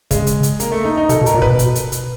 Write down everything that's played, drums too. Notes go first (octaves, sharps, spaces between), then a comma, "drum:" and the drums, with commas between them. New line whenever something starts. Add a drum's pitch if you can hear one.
C#3 G#3, drum: kick, hi-hat
drum: hi-hat
drum: hi-hat
A#3, drum: hi-hat
A3
D#4
D#4
C3 A4, drum: hi-hat
B2
A#4, drum: hi-hat
A#2
B2 B4, drum: kick
drum: hi-hat
drum: hi-hat
drum: hi-hat